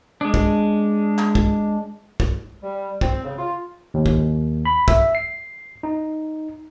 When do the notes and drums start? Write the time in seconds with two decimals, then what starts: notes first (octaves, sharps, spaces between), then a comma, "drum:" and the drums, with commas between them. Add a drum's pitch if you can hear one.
0.21 G#3 D4
0.34 drum: kick
1.18 drum: clap
1.35 drum: kick
2.20 drum: kick
2.63 G3
3.01 C4, drum: kick
3.24 C#3
3.38 F4
3.94 D#2
4.06 drum: kick
4.65 B5
4.88 E5, drum: kick
5.15 C7
5.83 D#4